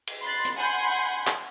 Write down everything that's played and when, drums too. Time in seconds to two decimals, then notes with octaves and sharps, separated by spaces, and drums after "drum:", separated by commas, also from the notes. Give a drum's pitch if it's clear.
0.07 drum: cymbal
0.22 B5 C6 F#6 A6
0.45 drum: hi-hat
0.56 F#5 G#5 B5 C6 G6 G#6
1.27 drum: clap